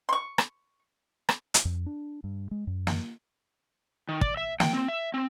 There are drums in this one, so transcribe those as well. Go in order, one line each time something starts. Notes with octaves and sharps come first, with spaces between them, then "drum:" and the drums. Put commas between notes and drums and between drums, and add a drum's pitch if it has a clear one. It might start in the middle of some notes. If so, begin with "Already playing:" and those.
C6 C#6
drum: rim click
drum: rim click
drum: hi-hat
F2
D4
G2
G#3
F#2
drum: snare
D#3
D5, drum: kick
E5
G5, drum: snare
C4
E5
C4